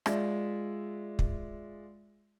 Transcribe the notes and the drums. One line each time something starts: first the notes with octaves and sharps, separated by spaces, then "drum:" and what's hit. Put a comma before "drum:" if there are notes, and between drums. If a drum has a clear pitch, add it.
G#3 F4 D5 E5, drum: rim click
drum: kick